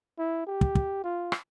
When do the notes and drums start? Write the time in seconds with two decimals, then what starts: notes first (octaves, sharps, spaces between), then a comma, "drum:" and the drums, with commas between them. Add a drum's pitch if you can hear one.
0.19 E4
0.47 G4
0.61 drum: kick
0.75 drum: kick
1.04 F4
1.32 drum: rim click